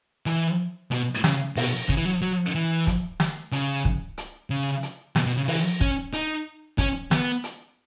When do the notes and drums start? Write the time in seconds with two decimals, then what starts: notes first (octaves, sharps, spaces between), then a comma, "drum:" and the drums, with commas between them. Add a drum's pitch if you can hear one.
0.26 E3, drum: hi-hat
0.91 B2, drum: hi-hat
1.24 C#3, drum: snare
1.56 B2, drum: open hi-hat
1.89 C#3, drum: kick
1.97 E3
2.05 F#3
2.22 F#3
2.55 E3
2.87 drum: kick, hi-hat
3.20 drum: snare
3.52 C#3, drum: hi-hat
3.85 drum: kick
4.18 drum: hi-hat
4.50 C#3
4.83 drum: hi-hat
5.16 B2, drum: snare
5.26 B2
5.37 C#3
5.48 E3, drum: open hi-hat
5.81 C#4, drum: kick
6.13 D#4, drum: hi-hat
6.78 C#4, drum: kick, hi-hat
7.11 B3, drum: snare
7.44 drum: hi-hat